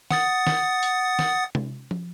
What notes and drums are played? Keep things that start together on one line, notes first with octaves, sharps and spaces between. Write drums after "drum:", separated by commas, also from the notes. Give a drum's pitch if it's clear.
F#5 D#6 A6, drum: snare
drum: snare
drum: hi-hat
drum: snare
drum: tom C3
drum: tom